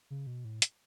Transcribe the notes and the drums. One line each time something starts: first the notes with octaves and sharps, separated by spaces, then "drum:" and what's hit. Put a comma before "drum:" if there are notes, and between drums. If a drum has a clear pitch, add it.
C#3
B2
A2
drum: hi-hat